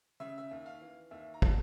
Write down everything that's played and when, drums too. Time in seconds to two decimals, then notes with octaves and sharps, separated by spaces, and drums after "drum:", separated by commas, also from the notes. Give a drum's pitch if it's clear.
0.20 C#3 E5
0.38 E5
0.51 D#2
0.66 F5
0.81 E3
1.11 D#2 E5
1.34 A#5
1.42 A5, drum: kick